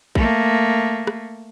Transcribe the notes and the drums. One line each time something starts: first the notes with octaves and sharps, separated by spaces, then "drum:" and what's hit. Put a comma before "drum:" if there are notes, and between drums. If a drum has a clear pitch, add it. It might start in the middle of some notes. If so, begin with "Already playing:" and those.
A3 A#3, drum: kick A1
drum: rim click